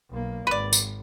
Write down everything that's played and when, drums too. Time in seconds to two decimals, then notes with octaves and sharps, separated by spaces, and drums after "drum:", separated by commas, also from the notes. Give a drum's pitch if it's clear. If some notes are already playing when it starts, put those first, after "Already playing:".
0.10 B1 A#3
0.47 G#1 B4 D5
0.73 drum: tambourine